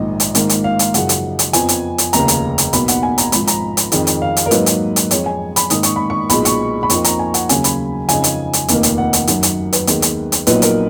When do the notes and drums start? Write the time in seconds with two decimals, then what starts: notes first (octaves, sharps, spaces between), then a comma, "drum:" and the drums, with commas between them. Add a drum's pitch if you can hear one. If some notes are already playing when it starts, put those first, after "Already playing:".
Already playing: A#1 G#2 D#3 D#5
0.20 drum: hi-hat
0.35 G#2 D#3 A#3, drum: hi-hat
0.49 drum: hi-hat
0.64 F5
0.79 drum: hi-hat
0.94 F#2 C#3 F3 G#3 D#4 F#5, drum: hi-hat
1.09 drum: hi-hat
1.39 drum: hi-hat
1.53 F2 F3 B3 G#5, drum: hi-hat
1.69 drum: hi-hat
1.98 drum: hi-hat
2.13 F1 D#2 C#3 A#5, drum: hi-hat
2.28 drum: hi-hat
2.58 drum: hi-hat
2.73 B1 B2 A#3 D#4 B5, drum: hi-hat
2.88 F#5, drum: hi-hat
3.03 G#5
3.18 A#5, drum: hi-hat
3.32 G#1 G#2 F3 B5, drum: hi-hat
3.47 A#5, drum: hi-hat
3.77 drum: hi-hat
3.92 F2 D#3 G#3, drum: hi-hat
4.07 drum: hi-hat
4.22 F5
4.37 drum: hi-hat
4.46 A#4
4.51 G#2 F#3 A#3 D#4 B4, drum: hi-hat
4.66 drum: hi-hat
4.96 drum: hi-hat
5.11 F2 F3 G#3 C#5, drum: hi-hat
5.26 G#5
5.56 B5, drum: hi-hat
5.70 G#2 D#3 A#3 D#4 D#6, drum: hi-hat
5.83 C#6, drum: hi-hat
5.96 B5
6.10 C#6
6.30 B1 A#2 G#3 D#4 B5, drum: hi-hat
6.45 C#6, drum: hi-hat
6.83 B5
6.90 F2 F3 A#3 D#4 C#6, drum: hi-hat
7.04 A#5, drum: hi-hat
7.19 G#5
7.34 F#5, drum: hi-hat
7.49 D#2 C#3 F#3 C#4 G#5, drum: hi-hat
7.64 B5, drum: hi-hat
8.09 F2 C#3 G#3 D#4 G#5, drum: hi-hat
8.24 drum: hi-hat
8.53 drum: hi-hat
8.68 F1 D#2 D#3 A#3 D#4, drum: hi-hat
8.83 drum: hi-hat
8.98 F#5
9.13 drum: hi-hat
9.27 F#2 D#3 F#3, drum: hi-hat
9.43 drum: hi-hat
9.73 B4, drum: hi-hat
9.87 D#2 D#3 G#3 B3, drum: hi-hat
10.02 drum: hi-hat
10.32 drum: hi-hat
10.47 A#1 A#2 F#3 B3 D#4 B4, drum: hi-hat
10.62 A#4, drum: hi-hat